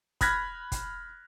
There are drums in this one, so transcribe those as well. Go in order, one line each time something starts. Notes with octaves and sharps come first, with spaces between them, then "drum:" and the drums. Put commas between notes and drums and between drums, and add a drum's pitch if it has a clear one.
B5 F6 F#6 G#6 A#6 B6, drum: kick, hi-hat
drum: kick, hi-hat